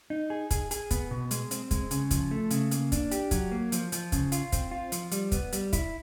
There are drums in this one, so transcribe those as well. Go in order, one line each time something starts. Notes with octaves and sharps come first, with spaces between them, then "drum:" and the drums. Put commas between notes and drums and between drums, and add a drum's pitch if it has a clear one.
D#4
G#4
G#4, drum: kick, hi-hat
G#4, drum: hi-hat
B3, drum: kick, hi-hat
B2
G#3, drum: hi-hat
C4, drum: hi-hat
G#3, drum: kick, hi-hat
C#3, drum: hi-hat
F3, drum: kick, hi-hat
A3
C#3, drum: hi-hat
A#3, drum: hi-hat
D4, drum: kick, hi-hat
G4, drum: hi-hat
F#3, drum: kick, hi-hat
A#3
F3, drum: hi-hat
F3, drum: hi-hat
C#3, drum: kick, hi-hat
F4, drum: hi-hat
C4, drum: kick, hi-hat
F4
F3, drum: hi-hat
G3, drum: hi-hat
B3, drum: kick, hi-hat
G3, drum: hi-hat
E4, drum: kick, hi-hat